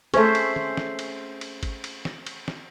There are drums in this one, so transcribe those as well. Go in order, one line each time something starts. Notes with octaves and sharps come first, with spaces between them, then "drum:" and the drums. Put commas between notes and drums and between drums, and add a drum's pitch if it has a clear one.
A3 C#4 G#4 C5 E5, drum: cymbal
drum: cymbal
drum: tom
drum: snare
drum: cymbal
drum: cymbal
drum: kick G#1, cymbal
drum: cymbal
drum: snare
drum: cymbal
drum: snare